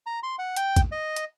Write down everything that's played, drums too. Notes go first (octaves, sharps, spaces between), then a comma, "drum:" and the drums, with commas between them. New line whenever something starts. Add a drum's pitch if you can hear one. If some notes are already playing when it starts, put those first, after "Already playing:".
A#5
C6
F#5
G5, drum: hi-hat
drum: kick, hi-hat
D#5
drum: hi-hat